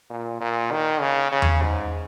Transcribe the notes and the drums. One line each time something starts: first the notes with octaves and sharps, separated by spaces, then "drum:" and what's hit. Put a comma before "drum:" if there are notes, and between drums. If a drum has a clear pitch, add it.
A#2
A#2
D#3
C#3
C#3
drum: tom E2
G#2